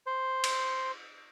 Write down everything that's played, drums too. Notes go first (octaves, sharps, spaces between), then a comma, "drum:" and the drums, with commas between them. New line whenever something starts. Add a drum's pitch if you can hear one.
C5
drum: cymbal